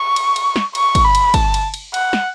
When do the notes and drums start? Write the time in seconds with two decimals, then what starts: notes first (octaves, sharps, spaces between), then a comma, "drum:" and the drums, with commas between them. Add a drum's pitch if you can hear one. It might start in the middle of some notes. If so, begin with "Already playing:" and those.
Already playing: C#6
0.16 drum: cymbal
0.36 drum: cymbal
0.56 drum: snare
0.75 C#6, drum: cymbal
0.95 drum: kick, cymbal
1.04 B5
1.15 drum: cymbal
1.34 A5, drum: kick, cymbal
1.54 drum: cymbal
1.74 drum: cymbal
1.94 F#5, drum: cymbal
2.13 drum: snare